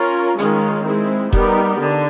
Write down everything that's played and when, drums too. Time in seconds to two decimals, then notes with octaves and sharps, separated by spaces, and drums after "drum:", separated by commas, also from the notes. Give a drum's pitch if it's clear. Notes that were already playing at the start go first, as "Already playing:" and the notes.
Already playing: C#4 F4 A#4
0.38 D#3 G#3 C#4 F4, drum: hi-hat
0.86 G#3 C4 E4
1.33 G3 B3 D#4 G4 A#4, drum: kick E1
1.79 D3